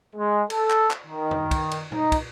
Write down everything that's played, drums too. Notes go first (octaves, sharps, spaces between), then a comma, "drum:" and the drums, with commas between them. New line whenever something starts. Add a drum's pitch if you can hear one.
G#3
A4, drum: cymbal
drum: clap
drum: clap
D#3
drum: tom E2
drum: kick, cymbal
drum: cymbal
D#4, drum: tom
drum: kick, cymbal